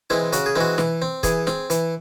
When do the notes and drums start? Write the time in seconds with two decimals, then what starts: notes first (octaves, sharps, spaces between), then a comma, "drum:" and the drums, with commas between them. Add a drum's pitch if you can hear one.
0.10 E3 G#3 C4 E4
0.33 C#3 F#4, drum: hi-hat
0.46 G#4
0.55 E3 G#3 C4 F#4
0.78 E3, drum: snare
1.02 C4
1.23 E3 G#4, drum: kick, hi-hat
1.47 C4, drum: snare
1.70 E3, drum: hi-hat